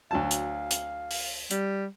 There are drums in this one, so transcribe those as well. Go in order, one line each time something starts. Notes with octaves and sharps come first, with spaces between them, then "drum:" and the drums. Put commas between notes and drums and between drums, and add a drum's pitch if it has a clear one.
D2 F#3 F5 A5
drum: hi-hat
drum: hi-hat
drum: open hi-hat
G3, drum: hi-hat